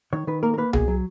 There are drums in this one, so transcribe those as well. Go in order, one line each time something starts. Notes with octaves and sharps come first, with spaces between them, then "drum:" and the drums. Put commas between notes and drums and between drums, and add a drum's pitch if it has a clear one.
D#3 C#5
D#3 B4
A#3 A#4
A#4
A#3 B4
B2 G#4, drum: tom C2
F#3